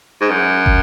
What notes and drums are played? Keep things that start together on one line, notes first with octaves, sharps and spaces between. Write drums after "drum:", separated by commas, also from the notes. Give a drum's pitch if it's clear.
G#2
F#2
drum: kick